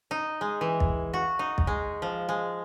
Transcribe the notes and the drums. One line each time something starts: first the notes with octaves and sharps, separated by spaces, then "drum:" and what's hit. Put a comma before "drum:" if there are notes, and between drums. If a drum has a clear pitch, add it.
D#4
G#3
E3
drum: kick
F#4
D#4
drum: kick
G#3
F3
G#3